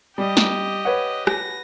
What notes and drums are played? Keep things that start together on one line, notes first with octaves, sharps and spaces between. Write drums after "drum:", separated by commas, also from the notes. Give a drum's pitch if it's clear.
G3 G4 D#5
drum: snare
B4 C#5 F#5
A#6, drum: rim click